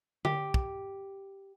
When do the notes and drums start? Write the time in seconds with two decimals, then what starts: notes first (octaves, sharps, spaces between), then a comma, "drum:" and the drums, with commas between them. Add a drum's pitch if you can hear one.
0.25 G4, drum: tom D3
0.54 drum: kick